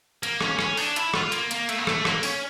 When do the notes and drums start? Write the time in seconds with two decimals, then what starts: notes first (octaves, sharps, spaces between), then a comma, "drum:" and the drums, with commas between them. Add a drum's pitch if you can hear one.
0.23 A#3, drum: hi-hat
0.41 C#4, drum: rim click
0.59 C#4, drum: rim click
0.77 D4, drum: open hi-hat
0.96 E4, drum: hi-hat
1.14 F4, drum: rim click
1.32 A#3, drum: hi-hat
1.51 A#3, drum: hi-hat
1.69 A3, drum: hi-hat
1.78 A#3
1.87 A3, drum: rim click
2.05 A#3, drum: rim click
2.23 C#4, drum: open hi-hat